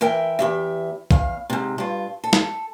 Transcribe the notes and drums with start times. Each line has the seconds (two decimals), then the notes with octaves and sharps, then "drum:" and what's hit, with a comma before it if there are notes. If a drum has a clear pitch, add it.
0.01 E3 A#4 E5 G5
0.39 E2 G4 E5
1.11 E2 F5, drum: kick
1.50 G#2 C3
1.78 G2 F4
2.24 A4
2.33 drum: snare